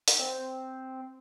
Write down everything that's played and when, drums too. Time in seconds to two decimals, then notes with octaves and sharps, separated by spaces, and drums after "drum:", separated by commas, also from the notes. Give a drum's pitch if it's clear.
0.08 drum: hi-hat
0.19 C4